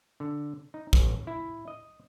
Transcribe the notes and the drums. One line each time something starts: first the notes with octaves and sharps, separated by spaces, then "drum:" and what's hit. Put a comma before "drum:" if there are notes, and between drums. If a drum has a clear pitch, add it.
D3
D#4
A1, drum: kick
E4
D#5